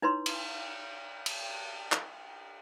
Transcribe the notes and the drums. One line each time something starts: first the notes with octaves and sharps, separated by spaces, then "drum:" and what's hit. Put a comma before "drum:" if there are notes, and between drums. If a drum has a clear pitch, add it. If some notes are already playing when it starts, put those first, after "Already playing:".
D#4 E4 B4 C#5 C6
drum: cymbal
drum: cymbal
drum: clap